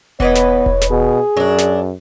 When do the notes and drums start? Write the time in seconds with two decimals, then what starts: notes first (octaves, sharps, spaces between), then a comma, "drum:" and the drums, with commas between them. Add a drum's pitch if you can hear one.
0.20 E3 B3 B4 C#5 D#5, drum: kick E1
0.35 drum: snare
0.66 drum: kick E1
0.81 drum: snare
0.90 B2 G#4
1.37 F#2 F#3 D4
1.58 drum: snare